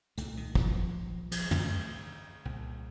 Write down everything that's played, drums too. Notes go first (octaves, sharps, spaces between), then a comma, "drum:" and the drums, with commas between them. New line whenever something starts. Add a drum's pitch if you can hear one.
C2 A#2 A3, drum: hi-hat
D#3
F3, drum: kick
F3, drum: cymbal
A3, drum: tom
C2 A#2